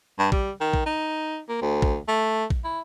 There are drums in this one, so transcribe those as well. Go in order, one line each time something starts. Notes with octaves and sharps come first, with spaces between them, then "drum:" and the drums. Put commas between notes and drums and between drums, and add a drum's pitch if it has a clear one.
G2
G3, drum: kick A#1
D#3
drum: kick A#1
D#4
A#3
D2
drum: kick A#1
A3
drum: kick A#1
E4